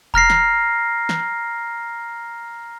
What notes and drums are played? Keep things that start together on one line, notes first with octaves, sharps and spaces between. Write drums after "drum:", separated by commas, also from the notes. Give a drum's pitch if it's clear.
A#5 F6 A#6 C7, drum: kick F1
drum: snare
drum: snare